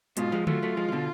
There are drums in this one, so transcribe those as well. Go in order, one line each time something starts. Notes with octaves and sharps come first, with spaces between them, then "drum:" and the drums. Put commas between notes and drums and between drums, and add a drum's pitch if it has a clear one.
G#2 B2 F4, drum: hi-hat
F3 G#3
F#3 A3 F4, drum: tom D3
F#3 A3
F3 G#3
F3
B2 D3